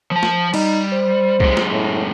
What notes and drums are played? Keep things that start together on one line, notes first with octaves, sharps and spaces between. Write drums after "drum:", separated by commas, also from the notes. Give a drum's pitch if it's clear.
F3 A5
drum: snare
G3 D#4, drum: cymbal
C5
F#2 G#3, drum: kick B1
drum: snare
A2